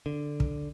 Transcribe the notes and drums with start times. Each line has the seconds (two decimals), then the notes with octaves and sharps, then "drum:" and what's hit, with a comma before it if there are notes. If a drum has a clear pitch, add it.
0.06 D3
0.40 drum: kick